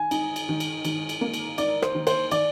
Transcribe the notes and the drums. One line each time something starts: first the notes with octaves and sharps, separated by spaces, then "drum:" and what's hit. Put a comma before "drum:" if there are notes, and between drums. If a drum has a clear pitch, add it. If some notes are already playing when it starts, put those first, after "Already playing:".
Already playing: D#3 G#5
D#4, drum: cymbal
drum: cymbal
D#3
drum: cymbal
D#3, drum: cymbal
drum: cymbal
A#3
drum: cymbal
D#4 D5, drum: cymbal
C5, drum: rim click
D#3
C5, drum: cymbal
D#3 D5, drum: cymbal